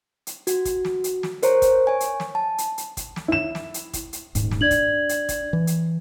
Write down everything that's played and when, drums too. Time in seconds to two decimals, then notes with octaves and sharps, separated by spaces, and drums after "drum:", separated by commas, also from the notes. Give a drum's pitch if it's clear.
0.27 drum: hi-hat
0.47 F#4, drum: hi-hat
0.65 drum: kick, hi-hat
0.85 drum: snare
1.04 drum: hi-hat
1.23 drum: snare
1.43 A#4 C5 C#5 A#5, drum: hi-hat
1.62 drum: kick, hi-hat
1.87 C#5 G#5
2.00 drum: hi-hat
2.20 drum: snare
2.35 A5
2.58 drum: hi-hat
2.78 drum: hi-hat
2.97 drum: kick, hi-hat
3.16 drum: snare
3.28 E4 E7
3.55 drum: snare
3.74 drum: hi-hat
3.93 drum: kick, hi-hat
4.13 drum: hi-hat
4.35 D#1 G#2, drum: hi-hat
4.51 drum: snare
4.61 D4 D5 G#6 F#7
4.71 drum: kick, hi-hat
5.09 drum: hi-hat
5.29 drum: kick, hi-hat
5.53 E3
5.67 drum: hi-hat